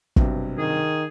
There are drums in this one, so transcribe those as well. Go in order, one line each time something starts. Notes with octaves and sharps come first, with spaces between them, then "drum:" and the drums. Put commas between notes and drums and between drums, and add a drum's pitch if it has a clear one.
B1 G2 C3, drum: kick
D#3 G#4